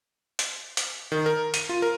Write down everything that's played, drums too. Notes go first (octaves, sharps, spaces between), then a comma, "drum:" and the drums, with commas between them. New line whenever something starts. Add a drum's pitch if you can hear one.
drum: hi-hat
drum: hi-hat
D#3
A#4
D#7, drum: hi-hat
F4
A#4